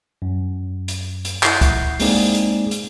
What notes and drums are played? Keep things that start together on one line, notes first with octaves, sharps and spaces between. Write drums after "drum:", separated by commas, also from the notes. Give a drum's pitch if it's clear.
F#2
drum: hi-hat
drum: hi-hat
E4 F#5 G6 C7, drum: clap
drum: kick C#2, hi-hat
G#3 A#3 C4 D#4 G#4 D5, drum: open hi-hat
drum: hi-hat
drum: hi-hat